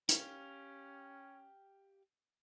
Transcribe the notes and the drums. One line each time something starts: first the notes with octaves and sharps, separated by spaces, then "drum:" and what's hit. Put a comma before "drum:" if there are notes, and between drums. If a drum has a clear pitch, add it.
C#4 G4 F5, drum: hi-hat